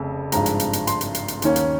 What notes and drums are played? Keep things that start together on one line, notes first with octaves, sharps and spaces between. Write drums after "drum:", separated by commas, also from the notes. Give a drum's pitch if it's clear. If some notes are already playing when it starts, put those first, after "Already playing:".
Already playing: F1 F2 C#3
G#1 G2 F3 G#3 A#5, drum: hi-hat
drum: hi-hat
drum: hi-hat
drum: hi-hat
C6, drum: hi-hat
drum: hi-hat
drum: hi-hat
drum: hi-hat
D#2 D#3 A#3 C#4, drum: hi-hat
drum: hi-hat